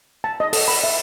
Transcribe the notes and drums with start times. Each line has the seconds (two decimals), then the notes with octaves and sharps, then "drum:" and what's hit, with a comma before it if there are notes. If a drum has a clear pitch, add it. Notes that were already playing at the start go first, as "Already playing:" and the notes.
0.24 A5
0.40 D#5
0.53 A4, drum: open hi-hat
0.68 B5
0.84 E5